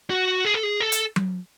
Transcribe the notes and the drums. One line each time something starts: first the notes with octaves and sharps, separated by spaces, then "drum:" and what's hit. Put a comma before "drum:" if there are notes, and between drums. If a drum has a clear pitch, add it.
F#4
G#4
A4
G#4
A4
drum: hi-hat
drum: tom F#3